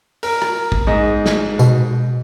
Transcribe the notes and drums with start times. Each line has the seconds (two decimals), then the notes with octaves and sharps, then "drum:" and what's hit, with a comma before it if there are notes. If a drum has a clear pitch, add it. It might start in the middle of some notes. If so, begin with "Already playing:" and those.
0.23 A#4, drum: open hi-hat
0.42 drum: rim click
0.72 drum: kick
0.87 G#2 D#5
1.26 drum: snare
1.59 B2, drum: tambourine